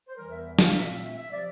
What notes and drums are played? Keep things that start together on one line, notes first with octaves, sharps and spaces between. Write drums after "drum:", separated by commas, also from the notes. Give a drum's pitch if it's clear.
C5
E2 E3 G3 A#4
E5
F5, drum: snare
A#2 A3 C4 E5
F5
F5
E5
E5
C3 F3 D5